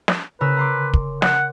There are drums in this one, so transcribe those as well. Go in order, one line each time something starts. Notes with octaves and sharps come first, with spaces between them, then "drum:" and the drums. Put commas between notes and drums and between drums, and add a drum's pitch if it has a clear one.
drum: snare
C#3 A#4 B4 E6
A#5 C6 D6
drum: kick
F#5, drum: snare